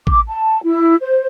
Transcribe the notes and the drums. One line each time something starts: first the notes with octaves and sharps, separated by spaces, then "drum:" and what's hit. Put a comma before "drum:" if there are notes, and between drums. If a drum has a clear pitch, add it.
D6, drum: kick A1
A5
E4
C5